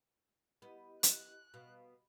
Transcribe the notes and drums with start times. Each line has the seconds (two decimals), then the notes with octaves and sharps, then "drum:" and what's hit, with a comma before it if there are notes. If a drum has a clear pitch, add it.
0.62 B3 E4 G4 D#5
1.03 F#6, drum: hi-hat
1.54 B2 F5